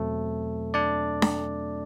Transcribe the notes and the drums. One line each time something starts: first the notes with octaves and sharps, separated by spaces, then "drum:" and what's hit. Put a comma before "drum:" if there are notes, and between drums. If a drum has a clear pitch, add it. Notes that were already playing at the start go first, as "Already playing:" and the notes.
Already playing: E2 B2 F#3 A3 C4 A4
D4 D5
drum: snare D4